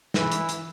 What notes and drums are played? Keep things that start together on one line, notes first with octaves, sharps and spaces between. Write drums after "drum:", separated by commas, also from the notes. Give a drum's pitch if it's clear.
E3, drum: snare
drum: hi-hat
drum: hi-hat